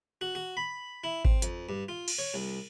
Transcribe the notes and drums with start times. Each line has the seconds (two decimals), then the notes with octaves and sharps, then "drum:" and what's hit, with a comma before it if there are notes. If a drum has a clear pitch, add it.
0.21 F#4
0.35 F#4
0.57 B5
1.04 E4
1.25 C4, drum: kick G#1
1.42 F2, drum: hi-hat
1.69 G2
1.89 F4
2.08 drum: cymbal
2.19 C#5
2.34 C2